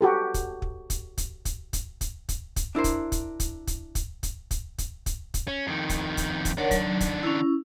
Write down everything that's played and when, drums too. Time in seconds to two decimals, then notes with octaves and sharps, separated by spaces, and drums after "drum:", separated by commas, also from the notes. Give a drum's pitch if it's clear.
0.01 F#4 G4 A4
0.34 drum: kick, hi-hat
0.62 drum: kick
0.90 drum: kick, hi-hat
1.18 drum: kick, hi-hat
1.45 drum: kick, hi-hat
1.73 drum: kick, hi-hat
2.01 drum: kick, hi-hat
2.29 drum: kick, hi-hat
2.56 drum: kick, hi-hat
2.75 D4 E4 A#4 C5
2.84 drum: kick, hi-hat
3.12 drum: kick, hi-hat
3.40 drum: kick, hi-hat
3.67 drum: kick, hi-hat
3.95 drum: kick, hi-hat
4.23 drum: kick, hi-hat
4.51 drum: kick, hi-hat
4.78 drum: kick, hi-hat
5.06 drum: kick, hi-hat
5.34 drum: kick, hi-hat
5.48 C#4
5.67 F2 D#3
5.89 drum: kick, hi-hat
6.17 drum: kick, hi-hat
6.45 drum: kick, hi-hat
6.58 D#3 D4 A#4 C#5 F#5
6.71 F#3, drum: kick, hi-hat
7.00 drum: kick, hi-hat
7.23 C#4 E4